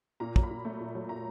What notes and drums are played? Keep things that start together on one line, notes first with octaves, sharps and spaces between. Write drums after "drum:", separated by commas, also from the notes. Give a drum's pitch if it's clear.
A#2 A#5
F#3, drum: kick
B5
A#2
A3
A#2
F#3
A#2 A#5